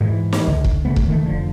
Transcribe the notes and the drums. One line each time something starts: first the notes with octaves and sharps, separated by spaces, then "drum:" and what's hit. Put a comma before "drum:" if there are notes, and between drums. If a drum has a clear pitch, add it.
G#2 E3
drum: snare
C#2 D3
drum: kick
C#3 E3 A3 B3
drum: kick
D3 D#3 G#3 A3
F1 D3 F3